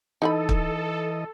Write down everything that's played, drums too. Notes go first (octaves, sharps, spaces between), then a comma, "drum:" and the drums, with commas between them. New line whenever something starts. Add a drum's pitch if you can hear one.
E3 D#4 A4 D#5 F#5 B5
drum: kick